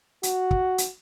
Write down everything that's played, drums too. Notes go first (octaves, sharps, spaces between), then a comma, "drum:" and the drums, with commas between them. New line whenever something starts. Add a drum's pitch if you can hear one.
F#4, drum: hi-hat
drum: kick
drum: hi-hat